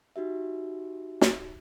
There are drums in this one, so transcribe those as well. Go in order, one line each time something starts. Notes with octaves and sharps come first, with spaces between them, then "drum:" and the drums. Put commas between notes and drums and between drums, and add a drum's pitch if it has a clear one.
D#4 F#4 G4 E5
drum: snare